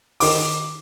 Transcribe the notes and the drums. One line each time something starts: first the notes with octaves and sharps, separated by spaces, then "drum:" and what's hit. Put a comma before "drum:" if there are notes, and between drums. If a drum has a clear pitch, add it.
D#3 D6, drum: open hi-hat